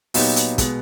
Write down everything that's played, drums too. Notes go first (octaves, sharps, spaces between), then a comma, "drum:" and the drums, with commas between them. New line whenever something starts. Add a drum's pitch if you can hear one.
A#2 F#3 B3 D#4 G4, drum: open hi-hat
drum: hi-hat
B2 G#3 B3, drum: kick, hi-hat